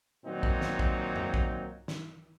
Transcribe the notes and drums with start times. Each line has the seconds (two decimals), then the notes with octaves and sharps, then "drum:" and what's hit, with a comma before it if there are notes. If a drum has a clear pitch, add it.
0.25 A#2 D#3 F#3 C4 D#4
0.43 drum: kick A#1
0.61 drum: snare
0.79 drum: kick A#1
1.16 drum: tom F2
1.34 drum: kick A#1
1.88 drum: snare